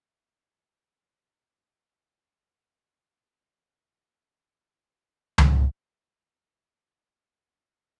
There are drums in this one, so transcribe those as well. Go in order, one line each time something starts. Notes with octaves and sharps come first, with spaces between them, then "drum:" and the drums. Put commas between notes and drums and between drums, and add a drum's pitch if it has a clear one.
F2
E3
B1
A5 F6
A3 B4 D5
drum: tom C#2
A2 G#4 E5 F#5 G#5
G5
D4
C4 E5 F5 G5